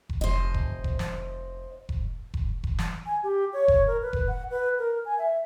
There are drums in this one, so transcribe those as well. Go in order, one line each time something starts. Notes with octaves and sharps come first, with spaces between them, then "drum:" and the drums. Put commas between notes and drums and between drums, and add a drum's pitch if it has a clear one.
drum: kick F1
F1 C5 D#5
drum: kick F1
drum: kick F1
drum: snare
drum: kick F1
drum: kick F1
drum: kick F1
drum: snare
G#5
G4
C#5
drum: kick F1
A#4
B4
drum: kick F1
F#5
B4
A#4
G#5
E5